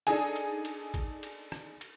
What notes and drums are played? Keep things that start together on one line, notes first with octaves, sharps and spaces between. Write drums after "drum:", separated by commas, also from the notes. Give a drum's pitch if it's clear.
D4 D#4 G#4 A4 G#5, drum: cymbal
drum: cymbal
drum: cymbal
drum: kick G#1, cymbal
drum: cymbal
drum: rim click
drum: cymbal